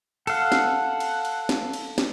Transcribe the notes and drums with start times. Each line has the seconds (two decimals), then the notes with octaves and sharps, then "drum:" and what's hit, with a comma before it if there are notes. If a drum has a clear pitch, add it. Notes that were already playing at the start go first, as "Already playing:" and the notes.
0.27 A4 F5 F#5, drum: cymbal
0.52 drum: snare
1.00 drum: cymbal
1.25 drum: cymbal
1.49 drum: snare
1.73 drum: cymbal
1.98 drum: snare